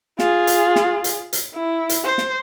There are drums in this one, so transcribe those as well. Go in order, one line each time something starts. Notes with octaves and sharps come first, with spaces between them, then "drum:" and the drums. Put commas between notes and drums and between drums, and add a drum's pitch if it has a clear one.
F4 G#4, drum: snare
drum: hi-hat
drum: snare
drum: hi-hat
drum: hi-hat
E4
drum: hi-hat
C5
drum: snare